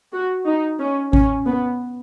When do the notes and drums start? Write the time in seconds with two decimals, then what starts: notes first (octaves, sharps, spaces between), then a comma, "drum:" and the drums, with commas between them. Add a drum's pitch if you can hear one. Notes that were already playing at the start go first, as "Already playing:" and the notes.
0.13 F#4
0.47 D#4
0.79 C#4
1.13 C#4, drum: kick G#1
1.47 B3